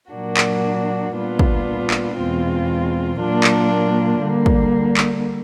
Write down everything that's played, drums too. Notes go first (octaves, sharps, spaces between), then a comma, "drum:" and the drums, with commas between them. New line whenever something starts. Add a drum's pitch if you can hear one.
A#2 F#3 A#3 D4 F#4
drum: clap
A#2 G3 B3 D4 F4
drum: kick
drum: clap
E2 B2 G#3 C4 F4
A#2 F#3 A#3 D4 F4
drum: clap
D3 G3 A#3
drum: kick
drum: clap